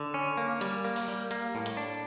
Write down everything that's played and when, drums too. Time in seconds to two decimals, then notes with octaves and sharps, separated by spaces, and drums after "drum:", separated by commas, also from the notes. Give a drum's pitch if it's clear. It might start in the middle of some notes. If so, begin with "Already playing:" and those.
Already playing: D3
0.14 C#4
0.37 A#3
0.61 G3, drum: hi-hat
0.85 A#3
0.96 drum: open hi-hat
1.08 G3
1.31 A#3, drum: hi-hat
1.55 A2
1.66 drum: hi-hat
1.77 D4